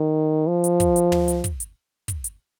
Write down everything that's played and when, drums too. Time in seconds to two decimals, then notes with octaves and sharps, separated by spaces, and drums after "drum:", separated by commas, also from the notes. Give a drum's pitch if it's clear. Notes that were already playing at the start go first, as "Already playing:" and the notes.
Already playing: D#3
0.48 F3
0.64 drum: hi-hat
0.80 drum: kick, hi-hat
0.96 drum: hi-hat
1.12 drum: tom
1.28 drum: hi-hat
1.44 drum: kick, hi-hat
1.60 drum: hi-hat
2.08 drum: kick, hi-hat
2.24 drum: hi-hat